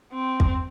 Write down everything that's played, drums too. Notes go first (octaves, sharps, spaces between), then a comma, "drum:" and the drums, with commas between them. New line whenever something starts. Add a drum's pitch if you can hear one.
C4
drum: kick